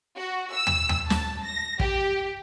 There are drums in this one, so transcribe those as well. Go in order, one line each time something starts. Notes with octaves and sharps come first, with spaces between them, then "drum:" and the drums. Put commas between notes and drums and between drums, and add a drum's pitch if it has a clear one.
F#4
E6
drum: tom
drum: tom
A5, drum: snare
A#6
G4, drum: kick